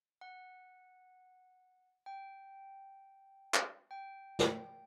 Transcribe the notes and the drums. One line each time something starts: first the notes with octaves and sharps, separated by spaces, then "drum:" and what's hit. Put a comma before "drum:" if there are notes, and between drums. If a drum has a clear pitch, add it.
F#5
G5
drum: clap
G5
drum: snare